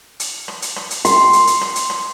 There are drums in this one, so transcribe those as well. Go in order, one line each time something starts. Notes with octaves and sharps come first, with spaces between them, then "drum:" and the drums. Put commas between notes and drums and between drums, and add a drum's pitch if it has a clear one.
drum: hi-hat
drum: rim click
drum: hi-hat
drum: rim click
drum: hi-hat
C6, drum: hi-hat
drum: hi-hat
drum: hi-hat
drum: rim click
drum: hi-hat
drum: rim click